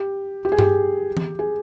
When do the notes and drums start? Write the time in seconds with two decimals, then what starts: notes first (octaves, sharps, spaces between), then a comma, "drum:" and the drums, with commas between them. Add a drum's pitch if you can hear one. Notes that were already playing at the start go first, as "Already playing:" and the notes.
Already playing: G4
0.45 G4
0.52 G#4
0.59 G4, drum: tom G2
1.17 drum: tom E3
1.39 G#4